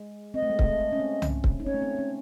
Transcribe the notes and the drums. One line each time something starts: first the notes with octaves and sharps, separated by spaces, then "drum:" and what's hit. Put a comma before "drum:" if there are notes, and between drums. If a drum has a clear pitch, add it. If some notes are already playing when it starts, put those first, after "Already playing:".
Already playing: G#3
C4 D#5
A3
G#3
A3, drum: kick C#1
C#4
C4
drum: tom C2
drum: kick C#1
D#4
C#4 C#5
A3
C4
C4
C#4